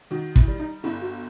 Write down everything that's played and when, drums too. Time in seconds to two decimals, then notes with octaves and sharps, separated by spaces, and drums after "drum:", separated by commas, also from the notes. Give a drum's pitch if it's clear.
0.11 D#3 F#4
0.36 E4, drum: kick
0.48 G3
0.60 D#4
0.84 G1 E4
1.02 F#4